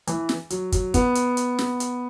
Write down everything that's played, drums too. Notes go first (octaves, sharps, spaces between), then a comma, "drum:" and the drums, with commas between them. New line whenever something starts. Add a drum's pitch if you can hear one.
E3, drum: hi-hat
drum: snare
F#3, drum: hi-hat
F#3, drum: kick, hi-hat
B3, drum: kick, hi-hat
drum: hi-hat
drum: hi-hat
drum: snare
drum: hi-hat